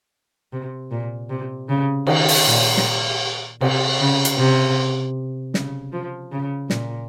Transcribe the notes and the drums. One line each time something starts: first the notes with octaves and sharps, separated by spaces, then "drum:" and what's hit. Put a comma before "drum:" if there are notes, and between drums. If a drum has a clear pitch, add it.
C3
A#2
C3
C#3
D#3, drum: cymbal
drum: open hi-hat
A#2
drum: snare
C3, drum: cymbal
C#3
drum: hi-hat
C3
C#3, drum: snare
F3
C#3
A#2, drum: snare